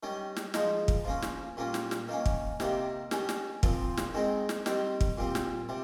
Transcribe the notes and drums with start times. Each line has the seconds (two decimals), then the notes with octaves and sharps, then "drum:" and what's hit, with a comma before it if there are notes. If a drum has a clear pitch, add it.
0.03 D#3 G3 C#4
0.36 drum: snare
0.54 F3 G#3 D#4, drum: snare
0.88 drum: kick
1.05 F3 A#3 C#4
1.22 drum: snare
1.57 A#2 G3 A#3 C#4
1.74 drum: snare
1.91 drum: snare
2.08 D#3 A#3 C#4
2.26 drum: kick
2.60 C3 D#3 G3 A#3, drum: snare
3.11 D#3 G3 C#4, drum: snare
3.29 drum: snare
3.63 A#2 F3 C4, drum: kick
3.97 drum: snare
4.14 D#3 G#3 C4 D#4
4.49 drum: snare
4.66 D#3 G3 C4, drum: snare
5.01 drum: kick
5.18 A#2 G3 C4
5.35 drum: snare
5.69 C3 G3